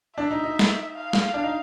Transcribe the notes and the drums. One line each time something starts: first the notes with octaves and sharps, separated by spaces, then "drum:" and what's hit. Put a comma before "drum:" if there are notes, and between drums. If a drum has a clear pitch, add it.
D4 E5
D#4
D#4
drum: snare
F5
drum: snare
D4
D#4